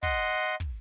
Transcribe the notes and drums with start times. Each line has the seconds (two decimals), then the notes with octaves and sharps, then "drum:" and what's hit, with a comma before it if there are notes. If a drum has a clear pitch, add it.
0.03 D#5 F#5 C6, drum: kick, hi-hat
0.31 drum: hi-hat
0.46 drum: hi-hat
0.60 drum: kick, hi-hat